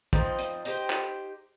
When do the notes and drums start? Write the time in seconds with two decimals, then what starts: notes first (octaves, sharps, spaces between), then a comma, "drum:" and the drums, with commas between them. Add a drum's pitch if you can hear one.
0.13 F3 C4 D#4 B4, drum: kick, hi-hat
0.39 drum: hi-hat
0.65 D#4 G4 C5, drum: hi-hat
0.90 drum: clap